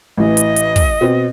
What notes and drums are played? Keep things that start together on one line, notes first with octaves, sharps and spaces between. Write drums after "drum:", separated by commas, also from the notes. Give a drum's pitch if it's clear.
A1 E3 D#5
drum: hi-hat
drum: hi-hat
drum: kick, open hi-hat
B2 C4